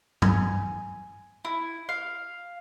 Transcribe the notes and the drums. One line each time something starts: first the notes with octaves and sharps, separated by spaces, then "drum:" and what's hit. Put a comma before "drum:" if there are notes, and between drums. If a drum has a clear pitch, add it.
G#5, drum: tom
E4
F5